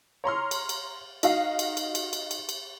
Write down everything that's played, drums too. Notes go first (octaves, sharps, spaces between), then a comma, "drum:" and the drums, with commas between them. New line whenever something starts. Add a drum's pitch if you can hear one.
C#5 A#5 C6 F6
drum: cymbal
drum: cymbal
D#4 F#4 F5, drum: cymbal
drum: cymbal
drum: cymbal
drum: cymbal
drum: cymbal
drum: cymbal
drum: cymbal